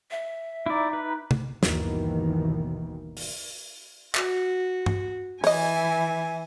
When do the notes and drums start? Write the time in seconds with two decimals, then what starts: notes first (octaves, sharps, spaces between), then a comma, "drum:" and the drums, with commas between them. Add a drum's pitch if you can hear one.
0.11 E5
0.66 D#4 E4 D5
0.93 B4
1.31 drum: tom
1.63 G1 D#2 B2 D#3 E3, drum: snare
3.17 drum: open hi-hat
4.15 F#4, drum: clap
4.86 drum: tom
5.44 E3 C#5 D#5 G#5, drum: open hi-hat